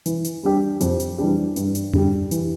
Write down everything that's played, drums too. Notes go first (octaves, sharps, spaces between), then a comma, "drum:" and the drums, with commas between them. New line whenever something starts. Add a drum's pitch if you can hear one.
E3, drum: hi-hat
drum: hi-hat
G3 D4 G4
F2, drum: hi-hat
drum: hi-hat
E3 G3 D4 G4
G2, drum: hi-hat
drum: hi-hat
D3 G3 D4 G4, drum: tom F2
E3, drum: hi-hat